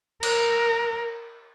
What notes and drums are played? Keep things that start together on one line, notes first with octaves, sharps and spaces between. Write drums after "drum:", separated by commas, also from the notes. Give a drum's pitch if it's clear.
A#4, drum: cymbal